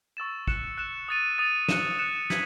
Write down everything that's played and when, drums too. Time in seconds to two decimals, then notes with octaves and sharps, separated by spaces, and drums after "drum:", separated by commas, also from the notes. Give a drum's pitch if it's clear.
0.17 C#6 E6 A6 E7
0.47 F#6 C#7 E7, drum: kick
0.78 F#6 C#7 E7
1.08 D#6 A6 D#7
1.38 D#6 A6 D#7
1.68 F#6 C#7 E7, drum: snare
1.99 F#6 C#7 E7
2.30 G#6 B6 F#7, drum: snare